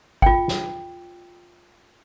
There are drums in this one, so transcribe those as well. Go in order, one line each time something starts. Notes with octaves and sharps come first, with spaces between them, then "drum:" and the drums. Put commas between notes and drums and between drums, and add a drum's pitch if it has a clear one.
F4 G5, drum: kick
drum: snare